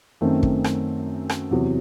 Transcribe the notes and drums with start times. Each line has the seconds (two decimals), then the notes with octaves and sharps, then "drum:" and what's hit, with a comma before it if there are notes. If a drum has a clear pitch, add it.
0.21 F#2 D#3 A3 C4
0.43 drum: kick
0.64 drum: rim click
1.29 drum: rim click
1.51 E2 C3 F#3